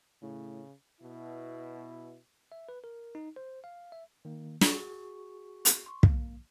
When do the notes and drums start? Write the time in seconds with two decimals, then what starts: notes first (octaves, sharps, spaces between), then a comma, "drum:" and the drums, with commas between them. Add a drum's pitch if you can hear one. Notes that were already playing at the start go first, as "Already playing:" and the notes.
0.22 A2 C#3
1.01 B2 E4
2.52 E5
2.69 B4
2.84 A#4
3.15 D#4
3.36 C5
3.64 F5
3.92 E5
4.25 D#3 A#3
4.61 F#4 G#4 C#6, drum: snare
5.65 drum: hi-hat
5.86 C6 C#6
6.03 A#3, drum: kick